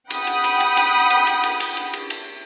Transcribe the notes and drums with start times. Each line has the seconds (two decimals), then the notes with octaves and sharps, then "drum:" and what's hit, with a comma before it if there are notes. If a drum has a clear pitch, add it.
0.10 F#5 G5 B5 D#6 G6, drum: cymbal
0.27 drum: cymbal
0.44 drum: cymbal
0.60 drum: cymbal
0.77 drum: cymbal
1.10 drum: cymbal
1.27 drum: cymbal
1.44 drum: cymbal
1.60 drum: cymbal
1.77 drum: cymbal
1.93 drum: cymbal
2.10 drum: cymbal